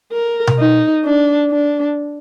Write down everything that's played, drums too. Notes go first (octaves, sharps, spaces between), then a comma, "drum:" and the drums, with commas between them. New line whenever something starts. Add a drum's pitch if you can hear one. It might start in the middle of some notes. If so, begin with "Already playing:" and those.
A#4
drum: tom B2
D#4
D4
D4